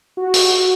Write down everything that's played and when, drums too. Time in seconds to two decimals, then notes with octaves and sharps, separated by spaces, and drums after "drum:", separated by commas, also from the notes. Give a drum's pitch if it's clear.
0.17 F#4
0.34 drum: open hi-hat